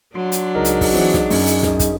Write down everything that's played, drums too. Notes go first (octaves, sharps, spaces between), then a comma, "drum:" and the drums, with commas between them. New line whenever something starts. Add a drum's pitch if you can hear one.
F#3 D4 C6
drum: hi-hat
C#2 D#4 G#4 A#4 D#5
drum: hi-hat
drum: kick, open hi-hat
E3 C4 F#4
drum: snare
F#2 C#4, drum: open hi-hat
drum: hi-hat
drum: snare
drum: kick, hi-hat